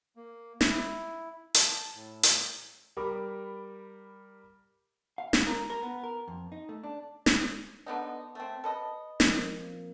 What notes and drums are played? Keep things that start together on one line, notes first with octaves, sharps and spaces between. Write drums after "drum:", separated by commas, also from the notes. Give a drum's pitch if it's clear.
A#3
E4, drum: snare
A5, drum: hi-hat
A2
drum: hi-hat
G3 A#4 B5 D6
F5
drum: snare
A#4
A#4
B3
A#4
F2
D#4
A3
D4
drum: snare
D3 B3 D#4
A3 C4
A4 B4 D#5
F3 A#3 C4, drum: snare